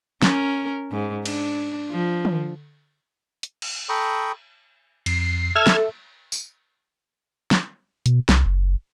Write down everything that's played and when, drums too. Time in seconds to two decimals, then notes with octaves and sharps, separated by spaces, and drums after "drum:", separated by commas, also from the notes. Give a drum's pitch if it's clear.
0.22 C#4 A#4, drum: snare
0.92 G#2
1.25 D4, drum: cymbal
1.91 F3
2.25 drum: tom
3.43 drum: hi-hat
3.62 drum: cymbal
3.89 A4 G5 A#5 B5 C#6 D#6
5.06 F2 C7, drum: cymbal
5.56 A4 E5 E6 F6 G#6
5.67 drum: snare
6.32 drum: tambourine
7.51 drum: snare
8.06 B2, drum: hi-hat
8.29 C2, drum: snare
8.46 F#1